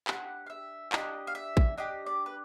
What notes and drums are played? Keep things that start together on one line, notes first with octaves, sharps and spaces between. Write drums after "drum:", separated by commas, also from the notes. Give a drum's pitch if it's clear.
D4 G4 F#5, drum: clap
F5
E5
D4 G4 D#5, drum: clap
F5
E5
drum: kick
D4 G4 D#5
D5
B4